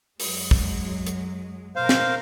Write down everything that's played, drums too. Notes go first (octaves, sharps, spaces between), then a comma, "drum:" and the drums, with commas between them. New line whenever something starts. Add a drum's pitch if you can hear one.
F#2 F#3 G#3, drum: open hi-hat
drum: kick
drum: hi-hat
B2 A#4 C5 F5
drum: snare